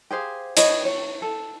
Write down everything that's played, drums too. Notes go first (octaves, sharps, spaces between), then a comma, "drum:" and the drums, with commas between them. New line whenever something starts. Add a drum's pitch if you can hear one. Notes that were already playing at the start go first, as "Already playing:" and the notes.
G4 G#4 C5 F5
B4 C#5 D#5, drum: hi-hat
C#5
A4